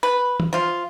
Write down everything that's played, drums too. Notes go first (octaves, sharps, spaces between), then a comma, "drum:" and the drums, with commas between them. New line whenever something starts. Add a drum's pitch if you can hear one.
B4
drum: tom
F3 F4